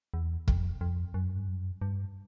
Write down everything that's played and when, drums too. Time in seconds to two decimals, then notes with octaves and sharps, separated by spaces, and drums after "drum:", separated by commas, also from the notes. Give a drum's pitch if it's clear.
0.14 E2
0.48 F2, drum: kick
0.81 F2
1.14 F#2
1.37 G2
1.48 F#2
1.82 G2